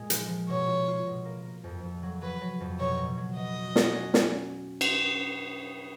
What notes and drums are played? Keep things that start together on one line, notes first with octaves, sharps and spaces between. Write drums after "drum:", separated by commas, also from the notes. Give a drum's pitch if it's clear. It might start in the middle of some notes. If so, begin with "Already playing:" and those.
Already playing: A#2 G#3
F3, drum: hi-hat
F3
B2 C#5
F4
F4
B2
A#3
A#3
F2
F2
F#3
F#3 B4
F#3
F2
B2 C#5
B2
F#3
B3 D#5
F#4
F#4, drum: snare
C#4
C#4, drum: snare
drum: cymbal